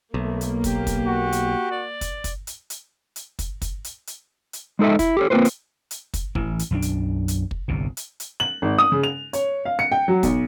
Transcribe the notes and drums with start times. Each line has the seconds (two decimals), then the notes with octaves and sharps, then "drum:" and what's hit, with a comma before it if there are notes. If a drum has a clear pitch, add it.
0.14 B1 A3 A#3
0.41 drum: hi-hat
0.64 G4, drum: kick, hi-hat
0.87 drum: kick, hi-hat
1.06 F#4
1.32 drum: hi-hat
1.71 D5
2.01 drum: kick, hi-hat
2.24 drum: kick, hi-hat
2.47 drum: hi-hat
2.70 drum: hi-hat
3.16 drum: hi-hat
3.39 drum: kick, hi-hat
3.62 drum: kick, hi-hat
3.84 drum: hi-hat
4.07 drum: hi-hat
4.53 drum: hi-hat
4.79 G#3 D#4 A4 D#5 E5
4.99 E4, drum: kick, hi-hat
5.17 G4 A4 C#5
5.30 A#3 C4 C#4 F4 B4 C5
5.45 drum: hi-hat
5.91 drum: hi-hat
6.14 drum: kick, hi-hat
6.35 A1 E3, drum: kick
6.59 drum: hi-hat
6.71 B1 F#2 D#3 D4
6.82 drum: hi-hat
7.28 drum: hi-hat
7.51 drum: kick
7.68 G1 C2 A#2
7.97 drum: hi-hat
8.20 drum: hi-hat
8.40 F#7
8.62 G#1
8.78 D#6
8.92 C#3
9.03 F7
9.33 C#5, drum: hi-hat
9.65 F5
9.79 C#7
9.92 G5
10.08 F#3
10.23 B1, drum: kick, hi-hat